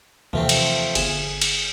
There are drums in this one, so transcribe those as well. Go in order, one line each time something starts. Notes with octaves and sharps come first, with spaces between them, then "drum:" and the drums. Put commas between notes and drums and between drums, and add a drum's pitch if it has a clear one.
D#2 C3 E3 F3 A3 C4
drum: cymbal
G1 G#4 E7, drum: cymbal
drum: cymbal